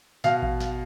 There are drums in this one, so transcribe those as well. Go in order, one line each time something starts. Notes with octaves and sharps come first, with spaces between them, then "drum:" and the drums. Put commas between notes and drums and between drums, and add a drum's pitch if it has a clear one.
B2 F5, drum: snare
drum: kick A1
drum: snare